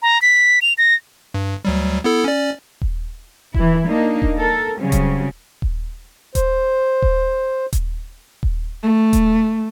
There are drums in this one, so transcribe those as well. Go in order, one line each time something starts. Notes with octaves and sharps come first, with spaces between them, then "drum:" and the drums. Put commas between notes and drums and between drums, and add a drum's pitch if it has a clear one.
A#5
B6
F7
A#6
G2
D2 F#3 G3
B3 E4 A4
C#4 D5
drum: kick D#1
E3 E4, drum: kick D#1
A#3 D4 D#4
drum: kick D#1
A4 A#4
C#3 F#3 G3 C4 C#4
drum: kick D#1, hi-hat
drum: kick D#1
C5, drum: kick D#1, hi-hat
drum: kick D#1
drum: kick D#1, hi-hat
drum: kick D#1
A3
drum: kick D#1, hi-hat